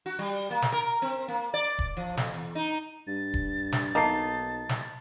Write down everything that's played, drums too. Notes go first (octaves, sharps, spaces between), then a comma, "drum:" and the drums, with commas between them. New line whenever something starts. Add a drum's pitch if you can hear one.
F#4
G3
A#3
drum: snare
A#4
C4
A#3
D5
drum: kick D#1
F3
F2, drum: snare
E2
D#4
G2 A6
drum: kick D#1
drum: snare
B1 A#3 D#4 A5 C7
drum: snare